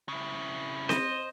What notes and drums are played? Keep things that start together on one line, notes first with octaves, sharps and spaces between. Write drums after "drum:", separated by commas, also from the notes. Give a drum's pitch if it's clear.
C#3 E4
C5 D#5, drum: snare C4